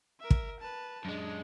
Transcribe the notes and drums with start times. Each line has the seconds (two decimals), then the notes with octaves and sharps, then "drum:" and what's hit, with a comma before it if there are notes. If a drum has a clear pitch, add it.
0.20 A#4 E5
0.30 drum: kick
0.61 B4 A5
1.05 F#2 G#3 D4